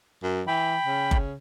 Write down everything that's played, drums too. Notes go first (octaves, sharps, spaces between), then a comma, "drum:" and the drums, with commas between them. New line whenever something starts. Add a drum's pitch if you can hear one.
F#2
E3 G5 B5
C#3
drum: kick F#1